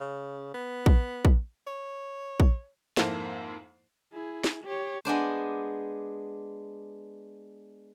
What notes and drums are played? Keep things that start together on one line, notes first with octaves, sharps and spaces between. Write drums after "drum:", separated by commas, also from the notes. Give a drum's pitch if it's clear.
C#3
B3
drum: kick A#1
drum: kick A#1
C#5
drum: kick A#1
F2 G#2 A#3 E4 A4 C5, drum: snare
E4 G#4
drum: snare
G4 C#5
G#3 B3 D4 C5